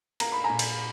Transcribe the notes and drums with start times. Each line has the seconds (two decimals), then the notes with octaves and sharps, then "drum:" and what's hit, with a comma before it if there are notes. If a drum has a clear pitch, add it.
0.20 A#3 A#5, drum: cymbal
0.32 B5
0.44 G#5 A#5
0.49 A#2
0.59 drum: cymbal